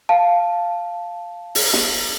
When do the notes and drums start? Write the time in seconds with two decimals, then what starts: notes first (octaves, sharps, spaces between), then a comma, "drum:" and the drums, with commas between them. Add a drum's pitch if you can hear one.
0.09 F5 A5
1.55 drum: open hi-hat
1.73 drum: snare